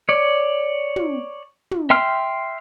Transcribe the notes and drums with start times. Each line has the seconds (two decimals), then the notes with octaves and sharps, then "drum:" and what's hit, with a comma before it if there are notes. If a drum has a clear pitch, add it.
0.09 C#5 D5
0.96 drum: tom
1.71 drum: tom
1.90 E5 G5 C6 F6